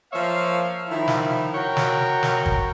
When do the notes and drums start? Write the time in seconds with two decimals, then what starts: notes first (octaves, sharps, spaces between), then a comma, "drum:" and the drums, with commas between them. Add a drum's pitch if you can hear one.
0.12 F3 A#3 C#5 E5 F5
0.89 D#3 F3 E4
1.08 drum: snare
1.54 F#4 A#4 C#5 F#5 G5
1.77 drum: snare
2.23 drum: snare
2.46 drum: kick